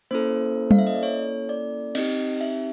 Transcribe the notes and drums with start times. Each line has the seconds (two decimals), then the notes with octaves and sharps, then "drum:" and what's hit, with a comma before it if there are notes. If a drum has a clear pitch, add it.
0.11 A#3 C#4 E4 A4 C5
0.71 F5, drum: tom G3
0.79 E5
0.87 D#5
0.95 D5
1.03 C#5
1.49 D5
1.95 C4 D#4 G4 D#5, drum: cymbal
2.41 E5